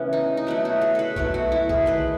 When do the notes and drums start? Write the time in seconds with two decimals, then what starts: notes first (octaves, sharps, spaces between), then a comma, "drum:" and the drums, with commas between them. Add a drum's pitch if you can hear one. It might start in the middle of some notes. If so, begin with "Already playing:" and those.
Already playing: C#3 E3 A3 B3 C#4
0.13 D#4
0.37 D#4
0.47 B2 F#3 A3 E4
0.65 F#4
0.81 G#4
0.95 A4 B4
1.16 B2 F#3 A3 C#5, drum: kick B1
1.34 F#4
1.52 E4
1.69 G#4, drum: kick B1
1.86 D#3 A3 B4